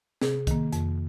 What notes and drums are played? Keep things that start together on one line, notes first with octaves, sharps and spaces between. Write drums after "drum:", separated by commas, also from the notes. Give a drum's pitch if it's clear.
C3 G#4, drum: snare
D#3 A#3, drum: kick, hi-hat
F2, drum: hi-hat